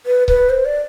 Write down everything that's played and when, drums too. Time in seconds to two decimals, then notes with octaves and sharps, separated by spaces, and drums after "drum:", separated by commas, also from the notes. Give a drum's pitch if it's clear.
0.06 B4
0.28 B4, drum: kick C#1
0.50 C5
0.65 D5